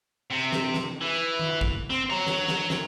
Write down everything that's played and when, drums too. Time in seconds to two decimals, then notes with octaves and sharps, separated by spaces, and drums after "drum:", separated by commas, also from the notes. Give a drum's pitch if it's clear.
0.31 C3
0.52 drum: snare
0.74 drum: snare
1.01 E3
1.39 drum: tom D#3
1.61 drum: kick
1.90 C4
2.10 C#5 A#5
2.27 drum: snare
2.48 drum: snare
2.70 drum: snare